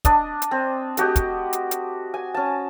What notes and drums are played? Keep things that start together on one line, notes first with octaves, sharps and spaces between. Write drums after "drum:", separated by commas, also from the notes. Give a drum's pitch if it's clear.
D4 D#5, drum: kick, hi-hat
drum: hi-hat
C4
A3 F#4 G4 D#5, drum: hi-hat
drum: kick, hi-hat
drum: hi-hat
drum: hi-hat
G#5
C#4 A5